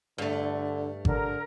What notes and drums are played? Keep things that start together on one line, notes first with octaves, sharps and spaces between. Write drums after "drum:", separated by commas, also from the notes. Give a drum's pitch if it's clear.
G2 D3 A3
D3 A#4, drum: kick G#1